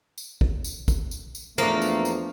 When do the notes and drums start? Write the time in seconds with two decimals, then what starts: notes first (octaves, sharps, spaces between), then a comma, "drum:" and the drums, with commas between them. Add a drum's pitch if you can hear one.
0.18 drum: tambourine
0.41 drum: kick
0.64 drum: tambourine
0.88 drum: kick, tambourine
1.11 drum: tambourine
1.35 drum: tambourine
1.58 E2 F3 A3 A#3 D4, drum: tambourine
1.82 drum: tambourine
2.05 drum: tambourine